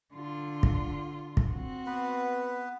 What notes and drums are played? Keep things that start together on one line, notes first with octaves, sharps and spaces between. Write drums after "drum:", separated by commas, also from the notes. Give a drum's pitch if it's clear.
D3 F4
drum: kick
drum: kick
C4 F#4
B3 B4